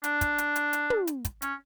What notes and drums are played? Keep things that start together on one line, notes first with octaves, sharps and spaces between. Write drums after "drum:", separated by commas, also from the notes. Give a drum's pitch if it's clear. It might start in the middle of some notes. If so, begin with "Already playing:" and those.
D4, drum: hi-hat
drum: kick, hi-hat
drum: hi-hat
drum: hi-hat
drum: hi-hat
drum: tom
drum: hi-hat
drum: kick, hi-hat
C#4, drum: hi-hat